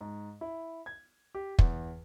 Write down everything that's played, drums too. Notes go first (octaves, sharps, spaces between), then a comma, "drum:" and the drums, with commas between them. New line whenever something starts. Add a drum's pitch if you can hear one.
G#2
E4
G#6
G4
E2, drum: kick